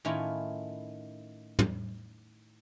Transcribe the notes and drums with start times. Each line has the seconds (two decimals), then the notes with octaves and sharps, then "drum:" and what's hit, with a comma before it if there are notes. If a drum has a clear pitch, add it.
0.05 A2 D#3 C#4 E4 F4 C#5
1.59 drum: tom